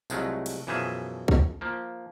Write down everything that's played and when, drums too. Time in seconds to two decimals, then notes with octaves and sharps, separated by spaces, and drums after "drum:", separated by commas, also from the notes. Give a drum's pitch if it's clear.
0.10 C2 F3 F#3 G#3 A3, drum: tambourine
0.46 drum: cymbal
0.67 F#2 B2 E3 F3 G#4 E5
1.28 drum: kick C2
1.61 F3 A#3